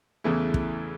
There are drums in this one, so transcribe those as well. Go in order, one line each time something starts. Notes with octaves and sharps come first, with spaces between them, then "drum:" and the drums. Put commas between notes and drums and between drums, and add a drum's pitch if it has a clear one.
E2 C#3 E3 A3 E4
drum: kick